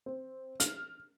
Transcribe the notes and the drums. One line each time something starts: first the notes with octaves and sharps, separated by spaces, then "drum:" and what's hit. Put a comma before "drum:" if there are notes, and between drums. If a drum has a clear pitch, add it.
C4
F6, drum: hi-hat